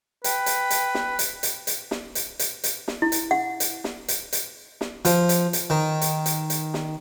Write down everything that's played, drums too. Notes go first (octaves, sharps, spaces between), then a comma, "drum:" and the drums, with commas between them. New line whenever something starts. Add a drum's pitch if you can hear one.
B4 G5, drum: hi-hat
drum: hi-hat
drum: hi-hat
drum: snare
drum: hi-hat
drum: hi-hat
drum: hi-hat
drum: snare
drum: hi-hat
drum: hi-hat
drum: hi-hat
drum: snare
E4
drum: hi-hat
F#5
drum: hi-hat
drum: snare
drum: hi-hat
drum: hi-hat
drum: snare
F3, drum: hi-hat
drum: hi-hat
drum: hi-hat
D#3
drum: hi-hat
drum: hi-hat
drum: hi-hat
drum: snare